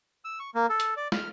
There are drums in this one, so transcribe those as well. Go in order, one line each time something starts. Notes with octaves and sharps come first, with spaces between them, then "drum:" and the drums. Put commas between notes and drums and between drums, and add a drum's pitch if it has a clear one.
E6
C#6
A#3
A4
drum: hi-hat
D5
F6, drum: snare